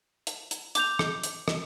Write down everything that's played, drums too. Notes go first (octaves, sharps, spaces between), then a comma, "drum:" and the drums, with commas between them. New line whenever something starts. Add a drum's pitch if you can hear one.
drum: hi-hat
drum: hi-hat
D6 G6 F7, drum: hi-hat
drum: rim click
drum: hi-hat
drum: rim click